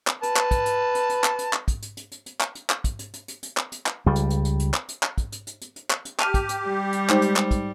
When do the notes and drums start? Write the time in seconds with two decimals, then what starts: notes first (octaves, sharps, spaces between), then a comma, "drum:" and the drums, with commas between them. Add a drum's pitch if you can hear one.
0.07 drum: clap
0.23 B4 A5, drum: hi-hat
0.36 drum: clap
0.51 drum: kick, hi-hat
0.66 drum: hi-hat
0.95 drum: hi-hat
1.09 drum: hi-hat
1.24 drum: clap
1.39 drum: hi-hat
1.53 drum: clap
1.68 drum: kick, hi-hat
1.82 drum: hi-hat
1.97 drum: hi-hat
2.11 drum: hi-hat
2.26 drum: hi-hat
2.41 drum: clap
2.55 drum: hi-hat
2.70 drum: clap
2.84 drum: kick, hi-hat
2.99 drum: hi-hat
3.13 drum: hi-hat
3.28 drum: hi-hat
3.43 drum: hi-hat
3.57 drum: clap
3.72 drum: hi-hat
3.86 drum: clap
4.06 C#2 G3
4.16 drum: hi-hat
4.30 drum: hi-hat
4.45 drum: hi-hat
4.59 drum: hi-hat
4.74 drum: clap
4.88 drum: hi-hat
5.03 drum: clap
5.18 drum: kick, hi-hat
5.32 drum: hi-hat
5.47 drum: hi-hat
5.61 drum: hi-hat
5.76 drum: hi-hat
5.90 drum: clap
6.05 drum: hi-hat
6.20 G4 A5 F6 D#7 F7, drum: clap
6.34 drum: kick, hi-hat
6.49 drum: hi-hat
6.67 G3
6.93 drum: hi-hat
7.09 G#3 D#4 C5, drum: clap
7.22 drum: hi-hat
7.36 drum: clap
7.51 drum: kick, hi-hat